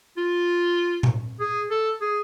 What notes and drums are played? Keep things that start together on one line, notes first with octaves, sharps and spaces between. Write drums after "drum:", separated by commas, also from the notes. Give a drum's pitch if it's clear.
F4
drum: tom A#2
G#4
A4
G#4